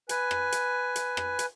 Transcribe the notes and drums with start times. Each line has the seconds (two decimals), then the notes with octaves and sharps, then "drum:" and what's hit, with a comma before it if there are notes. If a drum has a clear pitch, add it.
0.09 B4 G#5, drum: hi-hat
0.31 drum: rim click
0.52 drum: hi-hat
0.96 drum: hi-hat
1.17 drum: rim click
1.39 drum: hi-hat